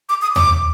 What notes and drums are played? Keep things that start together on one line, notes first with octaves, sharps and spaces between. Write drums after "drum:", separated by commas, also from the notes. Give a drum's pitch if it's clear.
D6
D#6
D6, drum: tom D#2